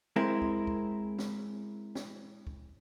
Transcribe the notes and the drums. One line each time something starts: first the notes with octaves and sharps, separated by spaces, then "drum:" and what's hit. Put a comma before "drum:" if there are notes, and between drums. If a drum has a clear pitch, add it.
G#3 C4 E4 A#4
drum: kick
drum: kick
drum: snare
drum: snare
drum: kick